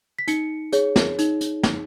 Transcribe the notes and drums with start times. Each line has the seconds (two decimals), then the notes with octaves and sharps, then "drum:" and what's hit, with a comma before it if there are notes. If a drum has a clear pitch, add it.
0.19 B6
0.28 D#4 C#7, drum: hi-hat
0.73 G#4 C#5, drum: hi-hat
0.96 drum: snare
1.19 D#4, drum: hi-hat
1.41 drum: hi-hat
1.63 drum: snare